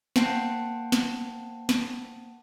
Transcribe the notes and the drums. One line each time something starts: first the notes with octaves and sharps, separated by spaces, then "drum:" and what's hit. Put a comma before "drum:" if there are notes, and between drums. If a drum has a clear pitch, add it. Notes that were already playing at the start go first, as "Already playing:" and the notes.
A#3 C5 F#5 G5 A5 C7, drum: snare
drum: snare
drum: snare